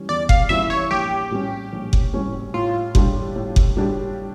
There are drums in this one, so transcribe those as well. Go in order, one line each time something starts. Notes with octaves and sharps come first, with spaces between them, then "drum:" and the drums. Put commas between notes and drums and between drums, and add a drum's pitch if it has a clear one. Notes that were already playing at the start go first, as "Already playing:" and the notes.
Already playing: E3 G3 C#4 E4
E2 D5
F5, drum: kick F#1
E3 G3 C#4 E4 E5
C#5
A#1 G4
A2 G3 C#4
A#1
drum: kick F#1
A2 G3 C#4
A2 F4
G3 D4 G4, drum: kick F#1
A2
drum: kick F#1
G3 D4 G4